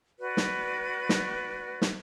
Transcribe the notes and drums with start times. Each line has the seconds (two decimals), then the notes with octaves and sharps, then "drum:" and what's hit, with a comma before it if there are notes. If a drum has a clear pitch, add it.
0.19 F#4 B4 D5
0.37 drum: snare
1.09 drum: snare
1.82 drum: snare